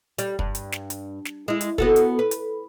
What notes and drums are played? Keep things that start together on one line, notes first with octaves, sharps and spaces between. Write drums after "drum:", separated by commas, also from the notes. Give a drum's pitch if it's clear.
G3, drum: hi-hat
G2, drum: kick
drum: hi-hat
drum: snare
drum: hi-hat
drum: snare
G#3 E4
drum: hi-hat
B3 F#4 A4, drum: kick
drum: hi-hat
B4
drum: hi-hat